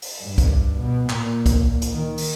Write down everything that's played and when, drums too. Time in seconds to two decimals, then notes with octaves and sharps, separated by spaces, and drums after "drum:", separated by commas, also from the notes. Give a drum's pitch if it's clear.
0.02 drum: open hi-hat
0.22 G2
0.38 drum: kick, hi-hat
0.80 B2
1.10 A#2, drum: clap
1.46 drum: kick, hi-hat
1.82 drum: hi-hat
1.93 D#3
2.18 drum: open hi-hat